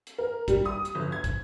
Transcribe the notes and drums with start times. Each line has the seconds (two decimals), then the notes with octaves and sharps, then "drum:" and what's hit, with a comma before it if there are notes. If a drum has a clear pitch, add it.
0.07 drum: hi-hat
0.18 A#4
0.48 G3, drum: kick, hi-hat
0.65 D#6
0.85 drum: hi-hat
0.95 G1
1.12 G#6
1.24 drum: kick, hi-hat